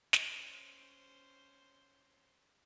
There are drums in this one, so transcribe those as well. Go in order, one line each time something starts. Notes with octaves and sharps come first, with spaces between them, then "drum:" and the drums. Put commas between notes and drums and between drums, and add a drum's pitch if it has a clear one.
C#4 C5, drum: snare